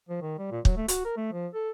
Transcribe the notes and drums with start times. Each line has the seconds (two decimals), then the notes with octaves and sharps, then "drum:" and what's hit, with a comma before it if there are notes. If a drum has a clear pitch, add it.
0.09 F3
0.22 D#3
0.39 G3
0.51 A#2
0.65 F#3, drum: kick
0.77 A3
0.88 F#4, drum: hi-hat
1.05 A#4
1.17 A3
1.32 F3
1.54 A4